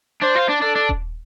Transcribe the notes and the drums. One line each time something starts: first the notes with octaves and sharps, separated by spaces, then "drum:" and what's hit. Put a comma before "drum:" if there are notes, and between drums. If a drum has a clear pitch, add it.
D4 C5
F4
D4
D4 A4
D4
drum: kick D#1